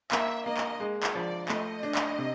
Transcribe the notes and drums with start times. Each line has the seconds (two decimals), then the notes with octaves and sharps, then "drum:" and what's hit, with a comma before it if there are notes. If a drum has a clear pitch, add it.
0.12 A#3 E5, drum: clap
0.46 A#3 D#5
0.57 drum: clap
0.80 G#3
1.03 drum: clap
1.15 F3 D5
1.49 A3 D#5, drum: clap
1.83 D4
1.95 drum: clap
2.18 C3